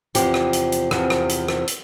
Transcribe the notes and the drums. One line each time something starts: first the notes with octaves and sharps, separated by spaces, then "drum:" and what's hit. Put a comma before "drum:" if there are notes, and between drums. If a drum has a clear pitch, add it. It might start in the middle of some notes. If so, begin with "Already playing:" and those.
E2 C3 F3 G4, drum: hi-hat
drum: rim click
drum: hi-hat
drum: hi-hat
E2 C3 F3, drum: rim click
drum: rim click
drum: hi-hat
drum: rim click
drum: hi-hat